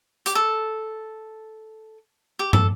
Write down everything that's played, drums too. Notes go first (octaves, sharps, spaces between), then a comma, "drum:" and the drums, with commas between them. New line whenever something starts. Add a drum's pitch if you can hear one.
G4, drum: hi-hat
A4
G4
A4, drum: tom